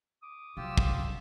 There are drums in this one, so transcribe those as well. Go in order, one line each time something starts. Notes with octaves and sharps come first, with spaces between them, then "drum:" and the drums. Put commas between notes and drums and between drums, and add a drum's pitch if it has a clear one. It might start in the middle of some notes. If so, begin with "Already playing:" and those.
D6 D#6
C3 F#3 F4 G4 E6
drum: kick